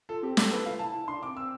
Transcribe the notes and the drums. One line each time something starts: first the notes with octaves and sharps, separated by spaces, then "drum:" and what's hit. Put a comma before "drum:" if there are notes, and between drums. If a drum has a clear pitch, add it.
F4 A4
C4 G4
C4 A4, drum: snare
E4 B4
F4 F5
E4 A5
E4
D4 C6
C4 D6
C4 E6